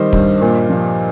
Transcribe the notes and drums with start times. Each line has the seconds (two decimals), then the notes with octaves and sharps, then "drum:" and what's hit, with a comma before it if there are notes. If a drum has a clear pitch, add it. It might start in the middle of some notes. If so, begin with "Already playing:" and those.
Already playing: D#3 G3 C5 D#5
0.13 G2, drum: kick
0.41 A#2
0.70 F3